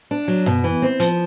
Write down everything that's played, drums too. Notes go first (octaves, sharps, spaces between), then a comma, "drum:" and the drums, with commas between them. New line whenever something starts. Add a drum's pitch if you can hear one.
D4
F#3
B2, drum: tom F#2
E3
C4
F3, drum: hi-hat